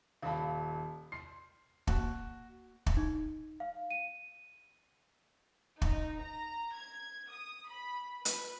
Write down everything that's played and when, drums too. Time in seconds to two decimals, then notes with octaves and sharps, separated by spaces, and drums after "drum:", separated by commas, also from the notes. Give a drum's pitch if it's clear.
0.22 D#1 F5 A5 B5
1.12 C6 C7
1.87 A#3 F#4, drum: kick
2.86 drum: kick
2.97 D#4
3.60 F5
3.91 D#7
5.82 D#4, drum: kick
6.20 A#5
6.76 G#6
7.31 D#6
7.69 B5
8.25 B4, drum: hi-hat